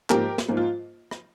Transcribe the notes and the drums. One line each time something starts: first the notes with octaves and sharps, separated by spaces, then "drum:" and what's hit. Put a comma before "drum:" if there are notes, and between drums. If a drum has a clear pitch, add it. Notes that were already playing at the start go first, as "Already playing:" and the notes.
G#2 F3 A#3 G4 A#4, drum: clap
drum: snare
G#2 F3 A#3
F4
drum: rim click